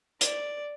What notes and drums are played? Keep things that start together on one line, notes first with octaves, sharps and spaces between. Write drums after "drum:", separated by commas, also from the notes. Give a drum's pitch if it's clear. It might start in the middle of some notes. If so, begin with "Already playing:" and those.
D5, drum: hi-hat